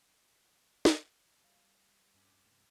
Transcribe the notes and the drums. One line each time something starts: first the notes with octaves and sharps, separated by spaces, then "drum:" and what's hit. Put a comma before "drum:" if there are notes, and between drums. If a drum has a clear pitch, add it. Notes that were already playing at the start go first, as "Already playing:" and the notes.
drum: snare
G3 F5
G2 C#4 G4
C3 E3 A3